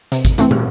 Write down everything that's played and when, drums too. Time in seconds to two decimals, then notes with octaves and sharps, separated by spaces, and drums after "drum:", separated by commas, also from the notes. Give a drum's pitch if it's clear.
0.12 C3, drum: hi-hat
0.25 drum: kick G#1, hi-hat
0.38 E3 A3 C4, drum: hi-hat
0.51 drum: tom